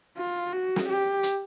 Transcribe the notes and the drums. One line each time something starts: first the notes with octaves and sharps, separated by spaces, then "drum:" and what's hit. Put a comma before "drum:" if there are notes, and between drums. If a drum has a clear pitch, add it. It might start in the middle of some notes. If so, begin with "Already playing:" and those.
F4
F#4
drum: snare
G4
drum: hi-hat